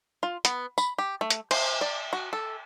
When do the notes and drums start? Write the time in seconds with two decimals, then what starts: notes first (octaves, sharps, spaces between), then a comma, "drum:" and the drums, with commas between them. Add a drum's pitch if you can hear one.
0.23 F4
0.45 B3, drum: hi-hat
0.78 B5, drum: tambourine
0.98 G4
1.21 A3
1.30 drum: hi-hat
1.51 C5, drum: cymbal
1.81 D5
2.13 F#4
2.33 A4